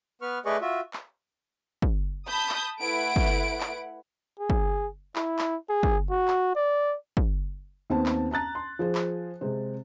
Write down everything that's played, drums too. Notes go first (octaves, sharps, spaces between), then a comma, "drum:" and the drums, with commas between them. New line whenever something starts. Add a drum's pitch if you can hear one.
B3 B4 C#6 F6
A3 G#4 B4 D5 D#5 C#6
F4 F#4 E5
drum: clap
drum: kick
A5 B5 D#6 G6 B6
drum: clap
A3 E4 B4 F#5 D7
drum: kick
drum: clap
G#4
drum: kick
E4, drum: clap
drum: clap
G#4
drum: kick
F#4
drum: clap
D5
drum: kick
D#2 B3 C4 A5
drum: clap
A5 A#5 F#6 A6
C6
F3 G#4 C5
drum: clap
C3 G#3 C4